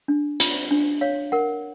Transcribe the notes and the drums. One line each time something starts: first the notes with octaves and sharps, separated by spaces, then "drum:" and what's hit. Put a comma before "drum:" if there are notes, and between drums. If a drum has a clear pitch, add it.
D4
F4, drum: hi-hat
D4
C#5 F5
A#4 F#5